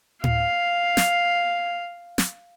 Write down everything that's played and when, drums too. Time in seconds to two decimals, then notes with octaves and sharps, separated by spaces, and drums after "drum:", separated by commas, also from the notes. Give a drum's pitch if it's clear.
0.24 F5, drum: tom A2
0.97 drum: snare
2.18 drum: snare